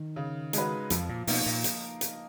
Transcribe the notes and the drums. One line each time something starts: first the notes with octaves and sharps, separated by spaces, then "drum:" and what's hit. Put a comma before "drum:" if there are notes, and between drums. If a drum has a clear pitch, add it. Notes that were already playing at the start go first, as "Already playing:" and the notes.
Already playing: D#3
C#3
G#3 D#4 F#4 B4, drum: hi-hat
F2 F3, drum: hi-hat
A#2
B2 A#3 D#4, drum: open hi-hat
A#2
drum: hi-hat
drum: hi-hat